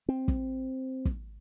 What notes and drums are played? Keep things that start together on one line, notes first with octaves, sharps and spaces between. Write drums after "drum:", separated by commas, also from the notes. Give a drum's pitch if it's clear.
C4
drum: kick
drum: kick